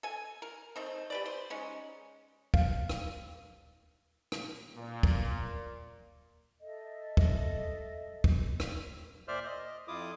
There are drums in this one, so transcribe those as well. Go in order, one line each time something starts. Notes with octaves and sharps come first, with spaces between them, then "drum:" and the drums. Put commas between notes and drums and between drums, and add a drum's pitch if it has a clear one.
A4 G#5
A#4
A3 C4 D#4
G4 B4 D5
C5
G#3 C#4 D#4
F5, drum: kick
drum: rim click
drum: rim click
A#2
drum: kick
A4 D#5 E5
drum: kick
drum: kick
drum: rim click
A#2 C5 D5 E5 F6
D#5
F2 E4 F4 D6 D#6